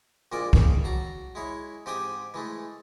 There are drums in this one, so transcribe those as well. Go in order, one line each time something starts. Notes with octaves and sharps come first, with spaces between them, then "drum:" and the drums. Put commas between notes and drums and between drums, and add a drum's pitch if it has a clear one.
A#1 A#2 G#3 F4 A#4 D5
D#2 C#3 G5 D6, drum: kick C2
F#3 A5 A#5
G#3 E4 C#5
G#2 C4 G4 G5 G#5 D#6
E3 G#3 A3